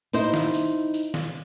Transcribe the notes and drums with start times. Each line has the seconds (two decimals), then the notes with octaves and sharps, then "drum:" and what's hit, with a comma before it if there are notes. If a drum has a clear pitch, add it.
0.13 D#4 E4 C5, drum: tambourine
0.34 drum: snare
0.54 drum: tambourine
0.94 drum: tambourine
1.14 drum: snare